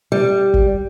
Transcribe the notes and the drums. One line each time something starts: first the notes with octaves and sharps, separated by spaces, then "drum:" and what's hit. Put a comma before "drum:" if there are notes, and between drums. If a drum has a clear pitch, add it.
G3
drum: kick G1